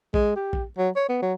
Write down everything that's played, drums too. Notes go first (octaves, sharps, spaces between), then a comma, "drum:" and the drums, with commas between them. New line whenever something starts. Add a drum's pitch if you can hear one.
G#3, drum: kick A#1
G4
drum: kick A#1
F#3
C#5
B3
F#3